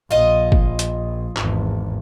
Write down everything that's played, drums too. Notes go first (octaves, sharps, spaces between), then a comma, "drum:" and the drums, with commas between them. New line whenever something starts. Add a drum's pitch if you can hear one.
A#1 F4 D#5
drum: kick G1
drum: hi-hat
G#1 E2, drum: clap